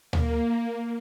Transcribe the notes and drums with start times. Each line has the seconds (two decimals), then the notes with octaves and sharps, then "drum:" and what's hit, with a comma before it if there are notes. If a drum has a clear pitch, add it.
0.13 A#3, drum: tom D2